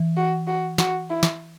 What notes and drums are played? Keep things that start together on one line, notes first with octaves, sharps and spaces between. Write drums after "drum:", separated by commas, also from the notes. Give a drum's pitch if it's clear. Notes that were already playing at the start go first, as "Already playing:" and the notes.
Already playing: E3
F#4
F#4
F#4, drum: snare
E4
drum: snare